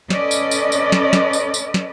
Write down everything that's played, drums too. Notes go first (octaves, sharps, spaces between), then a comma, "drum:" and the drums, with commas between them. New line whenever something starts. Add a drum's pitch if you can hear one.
C#4 A4 B4 D5 D#5, drum: snare
drum: tambourine
drum: tambourine
drum: tambourine
drum: snare
drum: snare
drum: tambourine
drum: tambourine
drum: snare